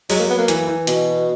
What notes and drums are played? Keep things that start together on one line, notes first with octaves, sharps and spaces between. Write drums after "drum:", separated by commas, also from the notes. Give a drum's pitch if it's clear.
F#3 G#3, drum: open hi-hat
A#3
B3
A#3
E3, drum: hi-hat
E3
B2, drum: hi-hat